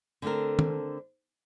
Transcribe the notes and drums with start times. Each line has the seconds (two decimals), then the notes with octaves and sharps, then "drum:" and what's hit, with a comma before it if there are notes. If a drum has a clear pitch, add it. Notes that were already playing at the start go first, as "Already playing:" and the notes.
0.22 D3 A3 C4 A4 A#4
0.59 drum: tom D#3